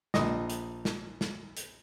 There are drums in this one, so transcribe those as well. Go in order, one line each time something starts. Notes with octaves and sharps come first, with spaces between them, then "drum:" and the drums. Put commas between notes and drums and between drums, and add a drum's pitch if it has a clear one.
A#1 D#5, drum: snare
drum: hi-hat
drum: snare
drum: snare
drum: hi-hat